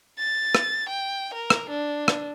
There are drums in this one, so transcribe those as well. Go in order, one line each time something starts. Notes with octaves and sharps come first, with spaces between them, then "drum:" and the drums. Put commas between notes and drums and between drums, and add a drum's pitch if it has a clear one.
A6
drum: rim click
G5
A#4
drum: rim click
D4
drum: rim click